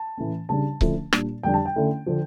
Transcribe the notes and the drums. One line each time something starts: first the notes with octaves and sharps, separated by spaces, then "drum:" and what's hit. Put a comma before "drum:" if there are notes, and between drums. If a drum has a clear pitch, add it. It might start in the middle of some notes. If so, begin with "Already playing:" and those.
Already playing: A5
A2 E3 A3 C#4
C#3 G3 D4 A5
D3 F3 A3 C#4 E4, drum: kick C#1
A#2 G3 D4, drum: rim click
F2 D3 G3 D4 G5
A5
G5
D3 A3 C#4 E4
D3 F3